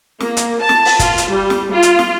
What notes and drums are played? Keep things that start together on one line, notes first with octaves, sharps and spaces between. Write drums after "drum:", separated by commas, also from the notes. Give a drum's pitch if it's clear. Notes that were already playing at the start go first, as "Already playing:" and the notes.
A#3, drum: snare
drum: hi-hat
A5
drum: snare
drum: open hi-hat
F4, drum: kick, hi-hat
drum: hi-hat
G3
drum: snare
F4
drum: hi-hat
drum: snare